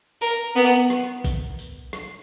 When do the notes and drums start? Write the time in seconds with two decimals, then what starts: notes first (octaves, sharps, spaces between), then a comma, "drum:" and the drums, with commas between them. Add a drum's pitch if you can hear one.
0.22 A#4, drum: tambourine
0.56 B3
0.90 drum: rim click
1.24 drum: kick, tambourine
1.59 drum: tambourine
1.93 drum: rim click